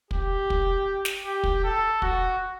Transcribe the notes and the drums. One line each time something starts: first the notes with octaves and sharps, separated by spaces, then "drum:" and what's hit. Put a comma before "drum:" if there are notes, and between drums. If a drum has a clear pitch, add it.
G4, drum: kick
drum: kick
drum: snare
G4
drum: kick
A4
F#4, drum: kick